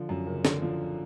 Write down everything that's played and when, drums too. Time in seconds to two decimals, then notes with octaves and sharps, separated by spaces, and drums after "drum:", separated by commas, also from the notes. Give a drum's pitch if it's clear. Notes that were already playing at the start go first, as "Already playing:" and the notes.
Already playing: D3 F3
0.09 F#2
0.26 F#1
0.45 D3, drum: snare
0.62 F3